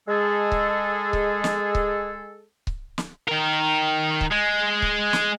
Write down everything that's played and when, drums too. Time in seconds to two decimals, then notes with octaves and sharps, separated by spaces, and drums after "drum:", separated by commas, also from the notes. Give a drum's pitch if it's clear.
0.08 G#3 G#4 A4
0.52 drum: kick C#1
1.13 drum: kick C#1
1.44 drum: snare
1.75 drum: kick C#1
2.67 drum: kick C#1
2.98 drum: snare
3.28 D#3 A#4
4.21 drum: kick C#1
4.31 G#3
4.82 drum: kick C#1
5.13 drum: snare